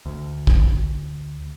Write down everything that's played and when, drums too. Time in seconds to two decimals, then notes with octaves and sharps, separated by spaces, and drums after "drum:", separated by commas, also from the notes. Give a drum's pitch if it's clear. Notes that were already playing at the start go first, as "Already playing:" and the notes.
0.06 D2
0.47 drum: kick